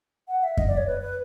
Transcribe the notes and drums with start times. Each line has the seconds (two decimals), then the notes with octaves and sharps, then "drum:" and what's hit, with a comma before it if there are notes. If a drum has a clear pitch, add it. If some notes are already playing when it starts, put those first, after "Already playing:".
0.28 F#5
0.43 E5
0.57 D#5, drum: kick F#2
0.67 D5
0.77 C#5
0.87 B4
1.02 B4